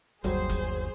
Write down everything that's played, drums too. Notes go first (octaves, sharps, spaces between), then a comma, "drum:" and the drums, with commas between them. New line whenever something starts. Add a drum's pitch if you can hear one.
G1 D#2 F#3 G3 G#4 C5, drum: hi-hat
drum: kick, hi-hat